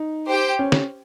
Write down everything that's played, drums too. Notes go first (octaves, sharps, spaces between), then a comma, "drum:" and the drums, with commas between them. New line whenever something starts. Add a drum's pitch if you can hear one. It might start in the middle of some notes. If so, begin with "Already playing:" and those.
Already playing: D#4
G4 C5 G5
C#4
drum: snare